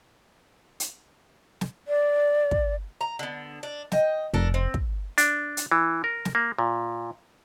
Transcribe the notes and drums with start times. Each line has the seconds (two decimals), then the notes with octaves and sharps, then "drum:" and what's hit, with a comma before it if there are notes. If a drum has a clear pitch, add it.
0.80 drum: hi-hat
1.61 drum: snare
1.88 D5
2.51 drum: kick
3.01 A#5
3.19 D3 B3
3.63 D4
3.92 D#5 G5, drum: snare
4.34 F1 D4 A4 A#4
4.54 C4
4.74 drum: kick
5.18 D4, drum: hi-hat
5.57 drum: hi-hat
5.71 E3
6.04 A#4
6.25 drum: snare
6.35 A#3
6.59 A#2